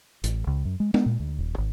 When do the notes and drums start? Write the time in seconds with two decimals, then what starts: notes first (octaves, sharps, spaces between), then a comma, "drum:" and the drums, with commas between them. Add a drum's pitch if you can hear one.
0.24 A1, drum: hi-hat
0.47 C#2
0.65 F#2
0.80 G#3
0.94 B3, drum: tom G#3
1.06 A#2
1.20 D2
1.39 D#1
1.58 G#1